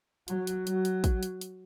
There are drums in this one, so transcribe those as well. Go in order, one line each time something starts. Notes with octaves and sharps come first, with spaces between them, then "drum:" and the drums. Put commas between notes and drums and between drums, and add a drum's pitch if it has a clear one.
F#3, drum: hi-hat
drum: hi-hat
F#3, drum: hi-hat
drum: hi-hat
drum: kick, hi-hat
drum: hi-hat
drum: hi-hat